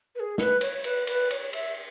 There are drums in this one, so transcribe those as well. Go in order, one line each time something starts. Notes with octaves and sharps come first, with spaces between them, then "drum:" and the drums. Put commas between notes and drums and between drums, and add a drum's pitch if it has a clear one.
B4
G#4
B4, drum: snare
C#5, drum: cymbal
B4, drum: cymbal
B4, drum: cymbal
C#5, drum: cymbal
E5, drum: cymbal